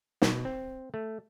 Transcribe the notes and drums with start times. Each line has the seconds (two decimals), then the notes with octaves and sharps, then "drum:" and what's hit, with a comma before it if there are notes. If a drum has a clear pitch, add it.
0.22 B2, drum: snare
0.45 C4
0.94 A3